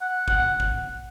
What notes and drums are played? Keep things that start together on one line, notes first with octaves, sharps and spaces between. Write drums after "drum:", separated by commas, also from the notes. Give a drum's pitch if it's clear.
F#5
F#5, drum: kick
drum: kick